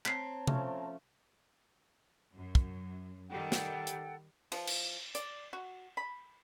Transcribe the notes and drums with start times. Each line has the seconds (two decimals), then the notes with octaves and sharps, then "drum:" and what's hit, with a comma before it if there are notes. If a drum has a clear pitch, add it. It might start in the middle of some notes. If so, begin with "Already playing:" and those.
0.06 C4 C#5 A5 A#5 B6 C7, drum: clap
0.47 F3 A3 C#4, drum: tom C3
2.35 F#2
2.55 drum: kick
3.30 D#3 G3 A4 F#5 G5
3.52 drum: snare
3.87 drum: hi-hat
4.52 F3, drum: cymbal
4.67 drum: cymbal
5.15 D5, drum: hi-hat
5.53 F#4
5.97 B5